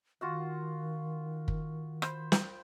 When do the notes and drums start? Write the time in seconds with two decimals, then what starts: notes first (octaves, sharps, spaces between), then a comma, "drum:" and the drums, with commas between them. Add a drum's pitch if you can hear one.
0.21 D#3 F4 F#4 F#5
1.48 drum: kick
2.02 C5 B5, drum: rim click
2.32 G5, drum: snare